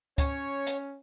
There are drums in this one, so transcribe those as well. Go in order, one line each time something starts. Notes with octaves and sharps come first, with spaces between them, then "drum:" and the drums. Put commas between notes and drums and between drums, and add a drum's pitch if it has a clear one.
C#4 C#5, drum: kick C#2, hi-hat
drum: hi-hat